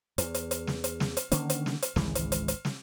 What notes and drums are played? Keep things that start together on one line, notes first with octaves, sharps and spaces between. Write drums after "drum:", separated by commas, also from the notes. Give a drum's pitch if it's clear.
E2, drum: hi-hat
drum: hi-hat
drum: hi-hat
drum: snare
drum: hi-hat
drum: snare
drum: hi-hat
D3 D#3 A#3 C#4, drum: hi-hat
drum: hi-hat
drum: snare
drum: hi-hat
G#1 C#2 E3 G#3, drum: snare
drum: hi-hat
drum: hi-hat
drum: hi-hat
drum: snare